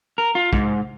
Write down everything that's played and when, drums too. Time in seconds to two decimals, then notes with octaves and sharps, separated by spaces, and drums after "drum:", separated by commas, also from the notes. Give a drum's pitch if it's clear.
0.18 A#4
0.35 F4
0.53 G#2, drum: kick